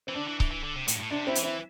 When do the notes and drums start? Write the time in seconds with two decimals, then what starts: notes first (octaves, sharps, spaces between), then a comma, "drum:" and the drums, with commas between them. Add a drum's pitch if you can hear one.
0.07 E3 C4
0.16 D3 D4
0.28 E3
0.40 E3, drum: kick C#1
0.51 E3
0.64 D3
0.76 C3
0.88 A2, drum: hi-hat
0.95 G2
0.99 A2
1.11 C3 D4
1.25 G3 C4 E4
1.35 E3, drum: hi-hat
1.43 C4 E4